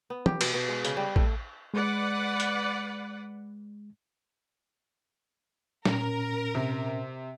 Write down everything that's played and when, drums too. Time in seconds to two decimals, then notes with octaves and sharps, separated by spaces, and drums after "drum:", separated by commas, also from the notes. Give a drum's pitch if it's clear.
0.10 B3
0.26 G4, drum: tom
0.41 B2, drum: cymbal
0.54 B2
0.68 G#3
0.85 C#3, drum: hi-hat
0.97 G3
1.16 A3, drum: kick
1.74 G#3 B4 D5 F#5
2.40 drum: hi-hat
5.85 A#2 C#4 A#4, drum: snare
6.55 C3